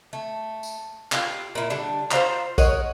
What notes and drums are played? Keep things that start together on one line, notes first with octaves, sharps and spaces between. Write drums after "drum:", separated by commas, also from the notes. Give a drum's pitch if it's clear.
A3
drum: tambourine
F4 G4, drum: clap
A#2 E4
D3 G3 D4
F4 C5 F5 A#5, drum: clap
A#4 C#5 D#5 F#5, drum: kick A#1, tambourine